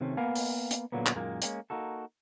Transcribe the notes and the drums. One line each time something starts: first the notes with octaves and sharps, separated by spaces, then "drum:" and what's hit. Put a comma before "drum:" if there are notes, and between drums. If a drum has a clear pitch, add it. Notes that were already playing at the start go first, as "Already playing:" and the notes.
C3 D#3 A3 C4 C#4
A#3 B3 F5 G#5
drum: open hi-hat
drum: hi-hat
A#2 D3 E3 F#3 A#3 B3
drum: clap
F#2 A#2 D#3 G#3 A#3
G#3 A#3 C#4, drum: hi-hat
A#3 D#4 F#4 A4